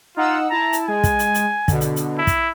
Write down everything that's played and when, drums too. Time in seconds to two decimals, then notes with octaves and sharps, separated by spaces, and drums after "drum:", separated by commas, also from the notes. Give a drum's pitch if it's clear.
0.17 D#4 F4 F#5 E6
0.50 E4 A5 A#5
0.73 drum: hi-hat
0.88 G#3 G#5
1.04 drum: kick, hi-hat
1.19 drum: hi-hat
1.34 drum: hi-hat
1.68 B2 D3, drum: kick, hi-hat
1.81 drum: hi-hat
1.96 drum: hi-hat
2.18 E4
2.27 drum: kick, hi-hat